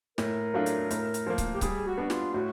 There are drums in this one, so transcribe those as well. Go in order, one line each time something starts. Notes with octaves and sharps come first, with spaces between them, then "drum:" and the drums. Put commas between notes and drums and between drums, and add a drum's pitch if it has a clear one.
A2 A#4, drum: snare
F#3 A3 D4 F4
drum: hi-hat
A2, drum: hi-hat
drum: hi-hat
F3 A#3
drum: kick C#1, hi-hat
G4
G3 G#4, drum: kick C#1, hi-hat
F#4
B3 D4
F4, drum: snare
A2 F#4